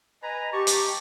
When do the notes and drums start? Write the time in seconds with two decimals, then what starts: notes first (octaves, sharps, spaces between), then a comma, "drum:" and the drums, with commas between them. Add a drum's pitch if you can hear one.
0.23 B4 D#5 G#5 A#5
0.52 G4 A5 C#6
0.67 drum: hi-hat